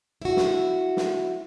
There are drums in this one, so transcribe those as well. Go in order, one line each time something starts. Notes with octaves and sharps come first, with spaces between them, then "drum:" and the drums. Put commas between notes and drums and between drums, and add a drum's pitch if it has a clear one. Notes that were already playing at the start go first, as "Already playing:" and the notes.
E4 F#4
drum: snare
drum: snare